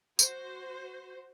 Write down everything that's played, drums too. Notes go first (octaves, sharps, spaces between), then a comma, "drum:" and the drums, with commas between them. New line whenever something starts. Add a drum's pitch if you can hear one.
F#4 C5, drum: tambourine